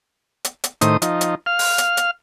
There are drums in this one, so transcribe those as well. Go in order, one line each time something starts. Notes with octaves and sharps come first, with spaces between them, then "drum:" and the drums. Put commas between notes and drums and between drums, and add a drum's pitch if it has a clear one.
drum: hi-hat
drum: hi-hat
A2 D#3 C5 D#6, drum: hi-hat
F3 D#4, drum: hi-hat
drum: hi-hat
F5 F6
drum: open hi-hat
drum: hi-hat
drum: hi-hat